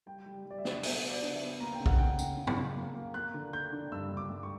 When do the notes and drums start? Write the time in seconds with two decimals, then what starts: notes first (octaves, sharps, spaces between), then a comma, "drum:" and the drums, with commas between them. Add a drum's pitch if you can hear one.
0.06 G3 G5
0.26 G3
0.45 G3
0.51 D5
0.58 E5
0.65 D4, drum: snare
0.83 B2 E5, drum: open hi-hat
1.02 B3
1.09 D5
1.23 D4
1.35 E5
1.41 B3
1.60 A#3 A#5
1.73 G5
1.80 C#3
1.86 F#5, drum: kick
1.99 C#3 G5
2.19 C#3, drum: tambourine
2.37 C#3
2.47 drum: tom
2.57 C#3
2.76 A#3
2.95 A#3
3.14 A#3 F#6
3.34 D3
3.53 A#3 G6
3.72 D4
3.92 G2 E6
4.12 G2
4.17 D6
4.30 G2
4.43 C#6